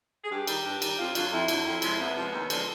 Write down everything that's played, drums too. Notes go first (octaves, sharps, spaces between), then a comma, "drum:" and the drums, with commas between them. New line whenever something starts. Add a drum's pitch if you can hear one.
G#4
G2 G4
D#3 G3, drum: cymbal
G2
D#3 G3, drum: cymbal
F2 F4
D3 F#3 F4, drum: cymbal
F2 E4
D3 F#3, drum: cymbal
F2
C3 F3 G#3, drum: cymbal
F2 B3
C3 F3 G#3
D#2
D3 F3 G#3, drum: cymbal